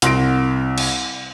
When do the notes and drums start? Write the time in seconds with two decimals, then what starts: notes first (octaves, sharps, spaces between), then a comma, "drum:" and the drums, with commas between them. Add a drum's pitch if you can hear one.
0.02 C2 C6 A#6 D7, drum: hi-hat
0.78 drum: cymbal